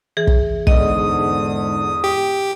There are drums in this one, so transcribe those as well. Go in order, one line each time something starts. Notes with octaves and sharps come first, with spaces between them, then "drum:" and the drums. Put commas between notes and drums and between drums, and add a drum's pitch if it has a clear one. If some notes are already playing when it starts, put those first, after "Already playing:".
E3 G#4
drum: kick
E2 G#2 D3 D#5 D#6, drum: kick
G4